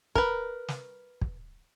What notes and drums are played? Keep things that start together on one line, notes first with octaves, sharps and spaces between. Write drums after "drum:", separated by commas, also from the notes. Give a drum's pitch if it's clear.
A#4 B4, drum: kick
drum: snare
drum: kick